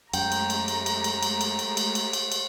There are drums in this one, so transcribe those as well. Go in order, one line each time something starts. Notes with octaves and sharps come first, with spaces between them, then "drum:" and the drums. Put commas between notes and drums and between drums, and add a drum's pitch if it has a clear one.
F#2 G#3 A3 G4 G5 A#5, drum: cymbal
drum: cymbal
drum: cymbal
drum: cymbal
drum: cymbal
drum: cymbal
drum: cymbal
drum: cymbal
drum: cymbal
drum: cymbal
drum: cymbal
drum: cymbal
drum: cymbal